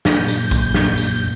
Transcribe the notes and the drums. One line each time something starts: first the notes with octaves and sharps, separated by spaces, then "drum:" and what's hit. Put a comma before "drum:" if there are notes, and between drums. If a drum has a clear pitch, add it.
F#2 A#2 G6, drum: snare
drum: tambourine
drum: kick, tambourine
drum: snare
drum: tambourine